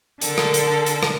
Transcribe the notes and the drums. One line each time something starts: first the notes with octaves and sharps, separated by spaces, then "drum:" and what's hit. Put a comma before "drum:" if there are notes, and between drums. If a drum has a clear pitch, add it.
D3 A4 A#4, drum: hi-hat
drum: rim click
drum: hi-hat
drum: hi-hat
drum: rim click